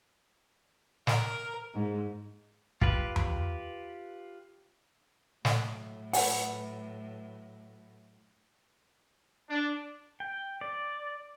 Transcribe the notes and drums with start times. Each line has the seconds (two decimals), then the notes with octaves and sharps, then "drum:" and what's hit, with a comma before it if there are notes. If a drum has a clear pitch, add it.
1.07 A#4, drum: snare
1.73 G#2
2.81 F4 G4 B4, drum: kick
3.16 drum: tom E2
5.45 A2 F#3, drum: snare
6.13 B4 F#5, drum: open hi-hat
9.49 D4
10.20 G5
10.61 D5